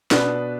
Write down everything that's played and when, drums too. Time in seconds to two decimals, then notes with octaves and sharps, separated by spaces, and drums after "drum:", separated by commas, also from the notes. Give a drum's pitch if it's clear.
0.11 B2 B3 D4 B4, drum: snare